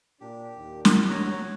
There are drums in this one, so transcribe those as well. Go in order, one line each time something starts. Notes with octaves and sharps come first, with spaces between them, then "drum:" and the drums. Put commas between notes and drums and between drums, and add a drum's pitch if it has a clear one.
A#2 D4 G4
D#2
drum: snare
F#3 C#5 A#5